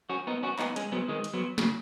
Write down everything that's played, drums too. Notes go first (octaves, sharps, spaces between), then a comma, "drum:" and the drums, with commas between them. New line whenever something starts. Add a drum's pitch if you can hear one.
C#4 F#4
B3 D#4
C#4 F#4
B3 D#4, drum: clap
G#3 C#4, drum: hi-hat
F#3 B3
D#3 G#3
drum: hi-hat
F#3 B3
C#3 F#3, drum: snare